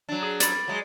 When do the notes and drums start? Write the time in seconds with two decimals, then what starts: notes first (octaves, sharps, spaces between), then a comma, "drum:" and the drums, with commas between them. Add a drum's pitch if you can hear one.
0.09 F#3 D4
0.23 G#4
0.40 D5 B5, drum: hi-hat
0.68 F#3 G#3